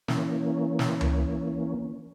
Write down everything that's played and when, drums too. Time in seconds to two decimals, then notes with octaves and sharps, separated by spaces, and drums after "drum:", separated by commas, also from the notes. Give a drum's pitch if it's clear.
0.08 E3 A#3 C#4, drum: snare
0.79 drum: snare
1.01 drum: tom C#2